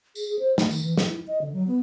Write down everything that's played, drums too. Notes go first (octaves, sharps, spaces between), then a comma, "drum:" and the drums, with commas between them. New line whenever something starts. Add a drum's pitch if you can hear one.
G#4, drum: tambourine
G#4
C5
A3, drum: snare
D#3, drum: tambourine
E3
F3, drum: snare
E4
D#5
D3
F#3
B3